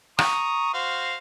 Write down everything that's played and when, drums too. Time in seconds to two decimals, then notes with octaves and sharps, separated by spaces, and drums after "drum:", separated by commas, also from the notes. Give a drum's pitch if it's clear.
0.19 A#5 C#6 D#6, drum: rim click
0.74 F#4 C5 F5